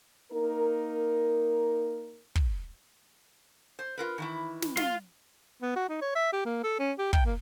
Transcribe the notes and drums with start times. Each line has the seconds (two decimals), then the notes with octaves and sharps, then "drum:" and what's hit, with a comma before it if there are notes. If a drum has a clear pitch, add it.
0.32 A#3 D#4 A#4
2.35 drum: kick
3.79 C5
3.97 F4 A#4 B4
4.18 D#3 E3 E4
4.62 drum: snare
4.77 F4 F5, drum: snare
5.62 B3
5.76 F#4
5.89 D#4
6.02 C#5
6.15 E5
6.33 G4
6.45 A#3
6.63 A4
6.79 C#4
6.98 G4
7.13 G5, drum: kick
7.26 A#3